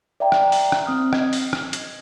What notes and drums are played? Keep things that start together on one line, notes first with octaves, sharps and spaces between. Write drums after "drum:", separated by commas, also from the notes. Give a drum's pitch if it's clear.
D5 E5 G5 A#5
drum: rim click
drum: open hi-hat
drum: rim click
C4 D#6 F6
D#5 G#6, drum: rim click
drum: open hi-hat
drum: rim click
drum: hi-hat